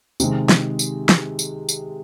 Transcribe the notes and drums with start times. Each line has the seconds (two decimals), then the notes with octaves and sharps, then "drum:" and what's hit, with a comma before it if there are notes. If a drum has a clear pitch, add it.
0.20 C3 D#3 G#3, drum: tambourine
0.49 drum: snare
0.79 drum: tambourine
1.09 drum: snare
1.39 drum: tambourine
1.69 drum: tambourine